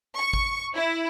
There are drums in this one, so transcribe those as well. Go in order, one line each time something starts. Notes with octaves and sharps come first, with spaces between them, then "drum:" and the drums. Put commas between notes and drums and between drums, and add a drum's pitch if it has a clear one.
C#6
drum: kick G#1
E4